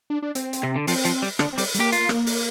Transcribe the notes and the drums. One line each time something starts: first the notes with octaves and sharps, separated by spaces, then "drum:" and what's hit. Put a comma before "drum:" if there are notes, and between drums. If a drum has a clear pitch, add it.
D4
D4
C4, drum: hi-hat
drum: hi-hat
C3
D3
F3 C4, drum: open hi-hat
F3, drum: hi-hat
G3
D3 D4, drum: rim click
C4
G3, drum: open hi-hat
G3, drum: hi-hat
A#3 G4
F4, drum: hi-hat
drum: rim click
drum: open hi-hat